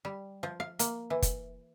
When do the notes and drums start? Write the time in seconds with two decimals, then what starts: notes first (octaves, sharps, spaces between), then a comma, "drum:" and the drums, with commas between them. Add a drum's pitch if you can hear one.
0.05 G3
0.43 F3
0.60 F5
0.79 A#3, drum: hi-hat
1.10 E3
1.22 drum: kick, hi-hat